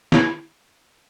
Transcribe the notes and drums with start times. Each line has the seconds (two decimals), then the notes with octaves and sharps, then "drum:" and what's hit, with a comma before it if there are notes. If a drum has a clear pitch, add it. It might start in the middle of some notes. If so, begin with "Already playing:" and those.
0.12 E4, drum: snare